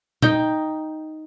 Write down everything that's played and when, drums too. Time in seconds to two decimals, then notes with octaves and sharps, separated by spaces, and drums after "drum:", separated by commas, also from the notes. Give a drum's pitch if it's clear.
0.22 D#4 G5, drum: tom A#2